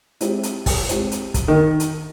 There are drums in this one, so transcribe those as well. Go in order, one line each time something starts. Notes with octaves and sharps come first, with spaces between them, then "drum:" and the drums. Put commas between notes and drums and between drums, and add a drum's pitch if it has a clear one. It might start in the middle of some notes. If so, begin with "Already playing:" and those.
G#3 C4 E4 G4 C5, drum: hi-hat
drum: hi-hat
drum: kick, open hi-hat
G#3 C4 E4 G4 C5, drum: hi-hat
drum: hi-hat
drum: kick, hi-hat
D#3
drum: hi-hat